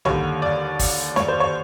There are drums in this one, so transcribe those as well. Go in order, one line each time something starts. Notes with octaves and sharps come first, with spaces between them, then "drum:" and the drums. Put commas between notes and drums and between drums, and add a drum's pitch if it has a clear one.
D#2 D3 G3 C#5, drum: tom B1
D5
drum: kick, open hi-hat
C#5, drum: snare
C5
C#5